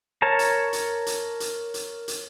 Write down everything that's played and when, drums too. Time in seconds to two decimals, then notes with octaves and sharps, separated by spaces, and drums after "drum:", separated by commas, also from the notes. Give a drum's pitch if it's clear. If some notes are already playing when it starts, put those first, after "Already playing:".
0.22 A#4 C#5 A5 A#5
0.39 drum: hi-hat
0.73 drum: hi-hat
1.06 drum: hi-hat
1.40 drum: hi-hat
1.74 drum: hi-hat
2.08 drum: hi-hat